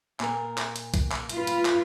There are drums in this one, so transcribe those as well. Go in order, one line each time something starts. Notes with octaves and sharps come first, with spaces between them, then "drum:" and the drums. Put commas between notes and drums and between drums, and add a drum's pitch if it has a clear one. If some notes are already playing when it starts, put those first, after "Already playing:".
A#2 A#4, drum: clap
drum: clap
drum: hi-hat
drum: kick, hi-hat
drum: clap
F4 B4, drum: hi-hat
drum: hi-hat
drum: clap